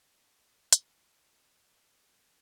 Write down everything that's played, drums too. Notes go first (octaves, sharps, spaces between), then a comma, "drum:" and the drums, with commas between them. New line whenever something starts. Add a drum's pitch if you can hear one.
B2 F#4 D#5 G#5 F6, drum: hi-hat
D4 B4 D5